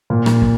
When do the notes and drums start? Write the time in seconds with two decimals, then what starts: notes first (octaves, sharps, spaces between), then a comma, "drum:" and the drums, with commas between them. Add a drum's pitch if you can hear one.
0.10 A#2
0.26 drum: rim click
0.42 drum: kick